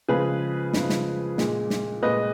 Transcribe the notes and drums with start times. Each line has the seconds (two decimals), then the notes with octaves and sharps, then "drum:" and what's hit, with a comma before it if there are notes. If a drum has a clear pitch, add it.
0.08 C#3 F3 G#3 G#4 B4
0.73 C#3 F3 G#3, drum: snare
0.89 drum: snare
1.38 A#2 G#3, drum: snare
1.70 drum: snare
2.02 A#2 G#3 B4 D#5